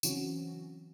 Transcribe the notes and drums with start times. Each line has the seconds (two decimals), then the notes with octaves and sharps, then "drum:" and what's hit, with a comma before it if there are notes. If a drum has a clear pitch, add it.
0.03 C#3 E3 F#3 C4 C#4 F#4, drum: tambourine